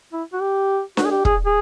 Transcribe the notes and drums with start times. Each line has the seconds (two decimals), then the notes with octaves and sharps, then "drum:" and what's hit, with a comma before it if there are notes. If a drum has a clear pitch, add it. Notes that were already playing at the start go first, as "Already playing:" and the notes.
0.12 E4
0.33 F#4
0.41 G4
0.97 F#4, drum: snare D4
1.05 G#4
1.11 G4
1.25 G#4, drum: kick
1.45 G#4